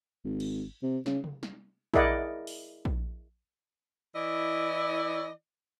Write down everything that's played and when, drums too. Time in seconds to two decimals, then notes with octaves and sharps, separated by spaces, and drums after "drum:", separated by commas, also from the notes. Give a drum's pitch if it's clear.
0.24 G#1
0.40 drum: cymbal
0.82 C3
1.06 C#3, drum: snare
1.24 drum: tom C3
1.43 drum: snare
1.94 E4 G#4 A#4 D5 D#5 F#5, drum: kick A#1
2.47 drum: open hi-hat
2.85 drum: kick A#1
4.15 E3 E4 D5 D#5